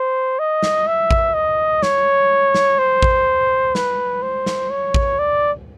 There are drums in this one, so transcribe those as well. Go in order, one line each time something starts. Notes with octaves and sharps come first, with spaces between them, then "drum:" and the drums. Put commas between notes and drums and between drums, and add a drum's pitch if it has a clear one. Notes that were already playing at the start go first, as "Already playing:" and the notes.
Already playing: C5
D#5
drum: snare
E5
drum: kick A1
D#5
C#5, drum: snare
drum: snare
C5
drum: kick A1
B4, drum: snare
C5
drum: snare
C#5
drum: kick A1
D5